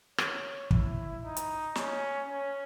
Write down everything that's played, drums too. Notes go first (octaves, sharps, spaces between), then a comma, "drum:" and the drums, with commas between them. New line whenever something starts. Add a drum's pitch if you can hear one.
C#5, drum: rim click
E4, drum: kick
D#4
drum: hi-hat
C#4, drum: snare
C#4